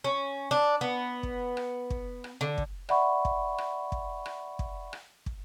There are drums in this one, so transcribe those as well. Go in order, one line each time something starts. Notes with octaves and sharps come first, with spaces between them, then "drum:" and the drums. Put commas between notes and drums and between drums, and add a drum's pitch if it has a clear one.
C#4
D4
B3
drum: kick
drum: rim click
drum: kick
drum: rim click
D3
drum: kick
D5 E5 F#5 B5 C#6, drum: rim click
drum: kick
drum: rim click
drum: kick
drum: rim click
drum: kick
drum: rim click
drum: kick